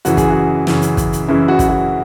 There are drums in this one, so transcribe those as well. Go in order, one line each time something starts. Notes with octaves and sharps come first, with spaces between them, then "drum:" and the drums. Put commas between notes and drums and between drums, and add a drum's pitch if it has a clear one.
F#2 C#3 E3 F#4, drum: hi-hat
G#4, drum: kick, hi-hat
F#4
F#2 C#3 E3, drum: snare
drum: hi-hat
drum: kick, hi-hat
drum: hi-hat
F#2 C#3 E3 E4
F#4
drum: kick, hi-hat
F#4